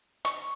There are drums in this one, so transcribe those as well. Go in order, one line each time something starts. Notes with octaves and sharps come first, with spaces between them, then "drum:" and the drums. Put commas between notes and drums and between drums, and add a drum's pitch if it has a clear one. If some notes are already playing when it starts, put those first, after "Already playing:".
C#6, drum: hi-hat